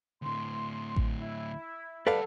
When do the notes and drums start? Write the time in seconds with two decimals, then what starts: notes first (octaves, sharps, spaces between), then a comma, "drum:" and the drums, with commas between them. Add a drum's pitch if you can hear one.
0.22 D2 A2 C6
0.96 drum: kick A1
1.18 E4
2.07 G3 A4 B4 D5 F5 F#5